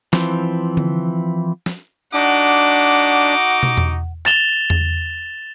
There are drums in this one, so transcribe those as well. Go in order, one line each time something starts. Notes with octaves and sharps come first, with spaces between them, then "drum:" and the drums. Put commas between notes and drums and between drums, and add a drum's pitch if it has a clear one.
E3 F3 C4, drum: snare
drum: tom D3
drum: snare
D4 D#4 F#4 F#5 D6
drum: tom
drum: tom E2
A6 E7 F7 G7, drum: clap
drum: tom E2